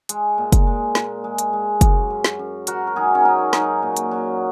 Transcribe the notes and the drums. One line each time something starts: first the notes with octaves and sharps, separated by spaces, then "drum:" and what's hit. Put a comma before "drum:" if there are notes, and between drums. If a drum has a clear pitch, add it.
G#3, drum: hi-hat
A#2
drum: kick, hi-hat
G#3
A#2, drum: snare
G#3
drum: hi-hat
G#3
F#2, drum: kick, hi-hat
F#2
drum: snare
F#2
F#3 F#4 A#4, drum: hi-hat
A#4
F#3 D#4 G#4
C#4
F#3 D#4
F#3 D#4, drum: snare
A#2
drum: hi-hat
F#3